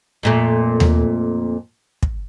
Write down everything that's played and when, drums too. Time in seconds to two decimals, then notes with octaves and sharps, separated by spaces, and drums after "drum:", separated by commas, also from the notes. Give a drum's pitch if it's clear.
0.23 F2 A#2 A3
0.80 drum: tom D#2
2.03 drum: kick